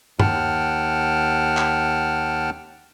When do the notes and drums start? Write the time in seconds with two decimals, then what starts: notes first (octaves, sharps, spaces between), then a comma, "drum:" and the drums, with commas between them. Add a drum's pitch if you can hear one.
0.20 D#2 F#5 G5 A5 F6, drum: tom G2
1.57 drum: clap